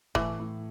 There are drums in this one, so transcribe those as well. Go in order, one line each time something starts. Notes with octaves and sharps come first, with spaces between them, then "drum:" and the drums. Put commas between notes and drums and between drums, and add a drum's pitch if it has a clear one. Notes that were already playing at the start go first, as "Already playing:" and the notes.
A2 E3, drum: kick F#1
A2